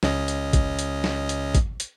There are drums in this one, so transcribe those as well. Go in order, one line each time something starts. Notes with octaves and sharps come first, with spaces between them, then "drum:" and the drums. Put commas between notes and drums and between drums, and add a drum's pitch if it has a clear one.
C#2 C#4 D#5, drum: snare
drum: hi-hat
drum: kick, hi-hat
drum: hi-hat
drum: snare
drum: hi-hat
drum: kick, hi-hat
drum: hi-hat